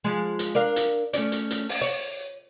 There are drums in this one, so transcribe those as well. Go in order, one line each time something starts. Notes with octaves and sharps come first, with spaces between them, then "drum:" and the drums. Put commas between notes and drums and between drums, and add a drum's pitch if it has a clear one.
F3 G#3
drum: hi-hat
D4 A#4 F5
drum: hi-hat
A3 C#4 D5, drum: hi-hat
drum: hi-hat
drum: hi-hat
drum: open hi-hat
C#5